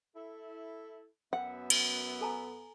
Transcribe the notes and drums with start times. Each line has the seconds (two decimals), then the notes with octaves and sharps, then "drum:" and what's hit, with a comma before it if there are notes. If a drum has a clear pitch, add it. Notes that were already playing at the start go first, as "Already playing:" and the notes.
0.15 E4 A4
1.33 F#2 B3 E5 F#5
1.70 drum: cymbal
2.21 A4 G#5 A#5